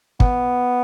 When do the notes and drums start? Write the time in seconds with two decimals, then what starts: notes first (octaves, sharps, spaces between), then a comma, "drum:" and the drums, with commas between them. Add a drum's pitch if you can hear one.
0.20 B3, drum: kick